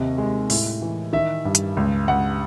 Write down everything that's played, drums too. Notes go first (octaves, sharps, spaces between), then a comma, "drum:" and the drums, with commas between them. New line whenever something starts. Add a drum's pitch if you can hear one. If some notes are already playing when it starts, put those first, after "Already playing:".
Already playing: D#2 C3 D#5
G#3
A2, drum: open hi-hat
E3
D#3 E5
G2
drum: hi-hat
C#2
C#2 F#5